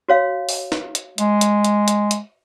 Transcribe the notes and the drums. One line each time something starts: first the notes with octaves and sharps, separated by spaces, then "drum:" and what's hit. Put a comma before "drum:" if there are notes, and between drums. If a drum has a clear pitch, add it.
F#4 C#5 F5
drum: open hi-hat
drum: snare
drum: hi-hat
G#3, drum: hi-hat
drum: hi-hat
drum: hi-hat
drum: hi-hat
drum: hi-hat